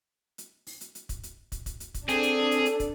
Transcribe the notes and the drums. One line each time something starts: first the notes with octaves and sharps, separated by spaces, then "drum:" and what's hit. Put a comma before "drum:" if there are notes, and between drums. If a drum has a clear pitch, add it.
drum: hi-hat
drum: open hi-hat
drum: hi-hat
drum: hi-hat
drum: kick, hi-hat
drum: hi-hat
drum: kick, hi-hat
drum: kick, hi-hat
drum: hi-hat
drum: kick, hi-hat
C4 D4 G#4 A4, drum: hi-hat
drum: hi-hat
drum: hi-hat
drum: hi-hat
drum: kick, hi-hat